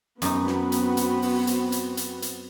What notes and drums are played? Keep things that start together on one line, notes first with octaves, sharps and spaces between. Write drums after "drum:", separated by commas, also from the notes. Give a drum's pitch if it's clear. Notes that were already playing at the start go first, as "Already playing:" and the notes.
F#2 B3 C4 D#4 F#4, drum: hi-hat
drum: snare
drum: hi-hat
drum: hi-hat
drum: open hi-hat
drum: hi-hat
drum: hi-hat
drum: hi-hat
drum: hi-hat